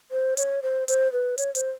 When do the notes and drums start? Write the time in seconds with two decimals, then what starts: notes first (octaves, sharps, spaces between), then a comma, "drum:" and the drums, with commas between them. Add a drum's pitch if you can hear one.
0.11 C5
0.37 C#5, drum: hi-hat
0.63 C5
0.88 C5, drum: hi-hat
1.12 B4
1.38 C#5, drum: hi-hat
1.55 C5, drum: hi-hat